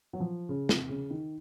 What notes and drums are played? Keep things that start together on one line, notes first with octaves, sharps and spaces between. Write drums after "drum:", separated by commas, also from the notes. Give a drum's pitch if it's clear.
F#3
F3
C#3
C3, drum: snare
C#3
D#3